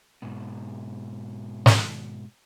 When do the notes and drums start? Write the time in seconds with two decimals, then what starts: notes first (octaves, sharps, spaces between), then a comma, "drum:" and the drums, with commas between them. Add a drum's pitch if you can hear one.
0.22 G#2 B2
1.66 drum: snare